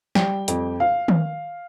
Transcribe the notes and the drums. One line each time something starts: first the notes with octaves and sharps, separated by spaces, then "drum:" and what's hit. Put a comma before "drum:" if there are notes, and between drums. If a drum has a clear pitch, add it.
G3 G5, drum: snare
F2, drum: hi-hat
F5
drum: tom D#3